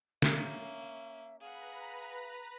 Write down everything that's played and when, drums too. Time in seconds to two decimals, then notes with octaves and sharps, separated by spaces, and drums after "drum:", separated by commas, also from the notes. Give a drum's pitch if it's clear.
0.22 A#3 C#4 E5, drum: snare
1.41 G#4 B4 F5 F#5 A#5 B5